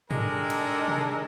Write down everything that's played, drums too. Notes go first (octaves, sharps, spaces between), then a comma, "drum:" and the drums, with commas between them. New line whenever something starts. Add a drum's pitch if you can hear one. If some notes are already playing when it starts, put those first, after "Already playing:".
G#3 D4 D#4 G4 A4 A#4, drum: tom G#2
drum: cymbal
drum: tom C3